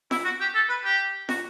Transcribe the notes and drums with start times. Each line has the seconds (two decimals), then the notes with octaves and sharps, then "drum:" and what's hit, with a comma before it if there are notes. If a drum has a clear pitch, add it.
0.11 E4, drum: snare
0.25 F#4
0.40 G4
0.55 A4
0.69 B4
0.84 G4
1.29 F#4, drum: snare